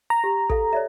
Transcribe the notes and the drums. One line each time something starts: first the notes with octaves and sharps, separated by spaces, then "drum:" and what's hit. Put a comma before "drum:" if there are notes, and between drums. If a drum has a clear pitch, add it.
A#5
G4
A4 F5, drum: kick
C#5 D5 E5